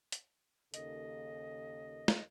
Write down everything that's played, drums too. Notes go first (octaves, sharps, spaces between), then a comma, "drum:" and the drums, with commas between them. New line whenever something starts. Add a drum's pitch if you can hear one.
drum: hi-hat
D#2 C#3 A4 D#5, drum: hi-hat
drum: snare